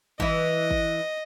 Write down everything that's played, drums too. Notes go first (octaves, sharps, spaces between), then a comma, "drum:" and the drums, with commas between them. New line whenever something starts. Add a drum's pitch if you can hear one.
E3 E4 D#5, drum: kick
drum: kick